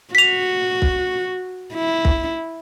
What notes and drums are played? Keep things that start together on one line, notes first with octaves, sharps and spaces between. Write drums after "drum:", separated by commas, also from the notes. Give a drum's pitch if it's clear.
F#4 B6 F7
drum: kick
E4
drum: kick